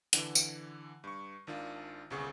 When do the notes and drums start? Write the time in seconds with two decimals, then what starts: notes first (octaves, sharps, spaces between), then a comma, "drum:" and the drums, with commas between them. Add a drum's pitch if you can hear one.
0.13 D3 E3, drum: hi-hat
0.35 drum: tambourine
1.04 G2 C#6
1.47 G#1 D#3 D4 F4
2.11 G1 C2 C#3 G#4 C#6